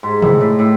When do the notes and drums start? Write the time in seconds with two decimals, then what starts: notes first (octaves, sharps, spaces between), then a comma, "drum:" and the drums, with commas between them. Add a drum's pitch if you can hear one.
0.03 G#2
0.22 A2, drum: tom
0.41 A2
0.59 A2